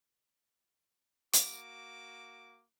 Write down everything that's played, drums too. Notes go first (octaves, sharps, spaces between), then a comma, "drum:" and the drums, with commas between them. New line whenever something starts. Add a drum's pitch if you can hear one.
A#3 F#4 D6, drum: hi-hat